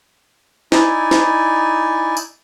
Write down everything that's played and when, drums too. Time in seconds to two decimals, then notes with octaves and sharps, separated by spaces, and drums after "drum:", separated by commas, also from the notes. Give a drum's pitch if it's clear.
0.72 D#4 E4 D5 G#5, drum: snare E4
1.11 drum: snare E4
2.17 drum: tambourine